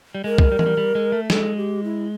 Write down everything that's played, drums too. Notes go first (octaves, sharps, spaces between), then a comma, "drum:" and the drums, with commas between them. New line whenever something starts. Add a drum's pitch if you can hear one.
G3
G#3 A#4
drum: kick
G3
G#3, drum: tom E3
G3
G3
G#3
A3
G#3 A4, drum: snare
G4
E4